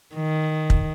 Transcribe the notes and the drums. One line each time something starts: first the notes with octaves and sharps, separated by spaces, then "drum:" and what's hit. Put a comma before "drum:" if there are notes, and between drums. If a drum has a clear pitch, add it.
D#3
drum: kick